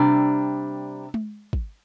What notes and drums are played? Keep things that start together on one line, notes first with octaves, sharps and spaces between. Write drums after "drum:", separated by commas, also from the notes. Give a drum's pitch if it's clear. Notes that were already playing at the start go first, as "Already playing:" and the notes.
Already playing: C3 G3 D4
drum: tom G#3
drum: kick